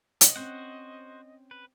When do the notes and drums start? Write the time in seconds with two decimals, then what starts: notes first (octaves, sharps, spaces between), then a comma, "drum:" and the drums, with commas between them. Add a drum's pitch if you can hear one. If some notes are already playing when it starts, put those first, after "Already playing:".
0.21 C#5 D#5, drum: hi-hat
0.36 C4 C#4 F#4 C5 F#5
1.51 B4